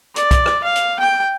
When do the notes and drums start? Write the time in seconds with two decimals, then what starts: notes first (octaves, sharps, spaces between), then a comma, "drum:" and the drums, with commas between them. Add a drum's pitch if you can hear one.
0.16 D5, drum: hi-hat
0.31 drum: kick, hi-hat
0.46 drum: rim click
0.64 F5
0.76 drum: hi-hat
0.99 G5